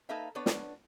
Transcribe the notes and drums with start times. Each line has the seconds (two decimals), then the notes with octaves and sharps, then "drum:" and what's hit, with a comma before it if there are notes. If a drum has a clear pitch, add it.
0.09 A#3 D#4 A4 B4 E5 F5
0.35 B3 D4 B4 C#5
0.46 drum: snare